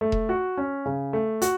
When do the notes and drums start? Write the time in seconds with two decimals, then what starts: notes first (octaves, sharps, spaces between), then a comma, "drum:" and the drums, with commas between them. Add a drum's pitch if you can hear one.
0.01 A3
0.12 drum: kick E1
0.29 F#4
0.58 C#4
0.86 C#3
1.13 A3
1.42 F#4, drum: hi-hat